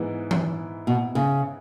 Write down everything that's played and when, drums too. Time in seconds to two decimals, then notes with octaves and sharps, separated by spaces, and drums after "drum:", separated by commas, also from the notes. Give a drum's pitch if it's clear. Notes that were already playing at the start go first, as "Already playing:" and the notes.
Already playing: G#2 E3 G#3 B3 E4
0.31 drum: tom E3
0.87 B2
1.15 C#3